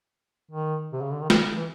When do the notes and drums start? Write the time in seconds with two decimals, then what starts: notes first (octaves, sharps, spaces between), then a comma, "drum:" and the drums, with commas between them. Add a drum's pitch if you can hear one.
0.51 D#3
0.93 C3
1.02 C#3
1.11 D3
1.21 D#3
1.30 E3, drum: snare
1.57 E3